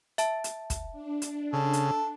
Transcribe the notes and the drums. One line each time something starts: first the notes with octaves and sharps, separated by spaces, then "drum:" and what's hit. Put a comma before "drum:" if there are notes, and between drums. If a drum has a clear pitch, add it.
E5 A5, drum: hi-hat
drum: hi-hat
drum: kick, hi-hat
D4
drum: hi-hat
C#3 A4
drum: hi-hat